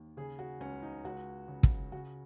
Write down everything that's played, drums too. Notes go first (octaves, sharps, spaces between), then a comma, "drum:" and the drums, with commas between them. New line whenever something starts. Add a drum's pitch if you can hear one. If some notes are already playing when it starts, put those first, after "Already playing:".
Already playing: D#2
C#3 G#4
F#4
C#2 C#4
D#4
C#2 F#4
C#3
drum: kick
C#3 F#4